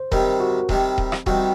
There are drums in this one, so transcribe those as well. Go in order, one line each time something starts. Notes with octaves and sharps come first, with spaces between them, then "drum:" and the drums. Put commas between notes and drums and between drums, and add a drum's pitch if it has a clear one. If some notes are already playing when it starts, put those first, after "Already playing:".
Already playing: C5
C3 D#3 G3 A#4, drum: kick D#1
F#4
C3 D#3 G3, drum: kick D#1
drum: kick D#1
drum: rim click
C3 D#3 G3 F#4, drum: kick D#1